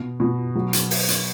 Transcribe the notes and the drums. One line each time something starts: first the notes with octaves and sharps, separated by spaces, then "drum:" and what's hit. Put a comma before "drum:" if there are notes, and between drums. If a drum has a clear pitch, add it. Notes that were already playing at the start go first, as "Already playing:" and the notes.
Already playing: B2
B2
F#3
drum: hi-hat
drum: open hi-hat
drum: hi-hat